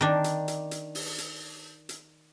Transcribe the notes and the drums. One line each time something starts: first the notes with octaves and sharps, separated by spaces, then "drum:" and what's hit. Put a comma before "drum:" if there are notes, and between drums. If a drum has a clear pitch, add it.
D#3 D4
drum: hi-hat
drum: hi-hat
drum: hi-hat
drum: open hi-hat
drum: hi-hat
drum: hi-hat